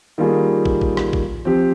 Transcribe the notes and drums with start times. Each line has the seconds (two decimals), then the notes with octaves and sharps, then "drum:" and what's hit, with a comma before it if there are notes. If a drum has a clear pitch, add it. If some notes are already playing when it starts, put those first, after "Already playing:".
0.18 D#3 G3 A#3 F4 G#4
0.65 drum: kick
0.81 drum: kick
0.97 drum: rim click
1.13 drum: kick
1.45 F3 C4 G4